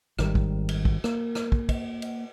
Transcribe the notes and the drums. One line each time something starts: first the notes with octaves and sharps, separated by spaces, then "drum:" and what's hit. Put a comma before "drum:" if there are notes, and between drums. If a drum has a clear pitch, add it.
G#1 D#3 G3, drum: rim click
drum: kick
drum: cymbal
drum: kick
A#3, drum: rim click
drum: rim click
drum: kick
drum: kick, cymbal
drum: cymbal